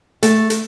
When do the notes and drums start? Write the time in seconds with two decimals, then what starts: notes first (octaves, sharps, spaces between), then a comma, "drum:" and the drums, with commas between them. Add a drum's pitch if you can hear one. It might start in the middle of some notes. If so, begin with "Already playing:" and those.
0.23 A3, drum: hi-hat
0.50 drum: hi-hat